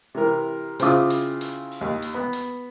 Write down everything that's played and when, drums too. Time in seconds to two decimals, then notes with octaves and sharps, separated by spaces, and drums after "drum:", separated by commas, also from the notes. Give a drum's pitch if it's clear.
0.15 C3 E3 A#4
0.79 C#3 C4 E4 F4 D6 D#6, drum: hi-hat
1.10 drum: hi-hat
1.41 drum: hi-hat
1.72 drum: open hi-hat
1.81 D#2
2.02 drum: hi-hat
2.14 B3
2.33 drum: hi-hat